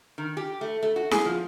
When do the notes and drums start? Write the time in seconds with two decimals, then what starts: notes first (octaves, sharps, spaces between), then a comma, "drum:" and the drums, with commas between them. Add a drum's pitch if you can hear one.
0.18 D#3
0.37 G4
0.61 A3
0.83 A3
0.96 F#4
1.11 G#4, drum: snare E4
1.26 F3